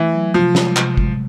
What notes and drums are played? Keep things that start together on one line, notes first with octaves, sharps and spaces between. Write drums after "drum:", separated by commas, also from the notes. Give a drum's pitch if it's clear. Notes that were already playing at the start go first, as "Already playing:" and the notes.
Already playing: E3 A3
F#3
C3 F3
G#3, drum: snare
C3, drum: clap
G#3, drum: kick G1